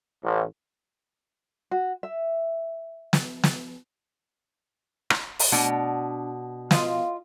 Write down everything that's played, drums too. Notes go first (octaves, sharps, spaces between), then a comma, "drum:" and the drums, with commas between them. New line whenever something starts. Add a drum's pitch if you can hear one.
A1
F#4
E5
drum: snare
drum: snare
drum: rim click
drum: open hi-hat
B2 D4
F4 D#5, drum: snare